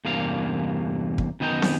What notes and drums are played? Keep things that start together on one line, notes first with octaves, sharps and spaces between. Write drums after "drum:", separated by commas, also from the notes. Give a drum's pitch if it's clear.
E2 G2 C3 A#3 F5
drum: kick
F#2 D#3 B3 D#5 G5 A#5
drum: snare